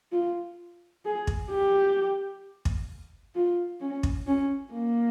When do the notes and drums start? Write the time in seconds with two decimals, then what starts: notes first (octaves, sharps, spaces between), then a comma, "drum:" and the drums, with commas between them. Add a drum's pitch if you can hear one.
0.12 F4
1.05 G#4
1.27 drum: kick
1.50 G4
2.65 drum: kick
3.35 F4
3.81 C#4
4.03 drum: kick
4.27 C#4
4.73 A#3